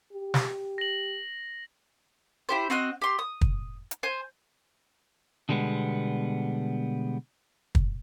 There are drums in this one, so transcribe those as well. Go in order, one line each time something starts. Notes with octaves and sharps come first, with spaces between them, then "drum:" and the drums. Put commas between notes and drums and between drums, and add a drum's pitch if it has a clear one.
G4
drum: snare
A#6 F#7
E4 G4 C5
C4 F#4 D#5 F#6
G4 C6
D#6
drum: kick
drum: hi-hat
C5 G#5
B2 D3 G3 G#3 B3
drum: kick